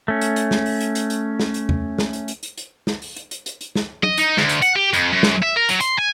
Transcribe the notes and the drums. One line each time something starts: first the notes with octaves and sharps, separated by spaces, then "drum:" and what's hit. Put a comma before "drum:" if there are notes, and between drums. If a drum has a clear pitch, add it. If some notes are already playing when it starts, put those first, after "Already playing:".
A3 C#4
drum: hi-hat
drum: hi-hat
drum: snare
drum: open hi-hat
drum: hi-hat
drum: hi-hat
drum: hi-hat
drum: snare
drum: hi-hat
drum: tom E2
drum: snare
drum: hi-hat
drum: hi-hat
drum: hi-hat
drum: hi-hat
drum: snare
drum: open hi-hat
drum: hi-hat
drum: hi-hat
drum: hi-hat
drum: hi-hat
drum: snare
D#5, drum: tom
D#4, drum: hi-hat
D2, drum: snare
drum: hi-hat
F#5, drum: hi-hat
G4
F2, drum: hi-hat
F#2
drum: snare
E5
A#4
F#3, drum: hi-hat
C6, drum: hi-hat
G#5